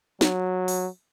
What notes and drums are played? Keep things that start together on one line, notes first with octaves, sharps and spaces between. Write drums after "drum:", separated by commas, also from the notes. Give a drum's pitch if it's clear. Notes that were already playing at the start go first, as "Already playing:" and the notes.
F#3, drum: snare
drum: open hi-hat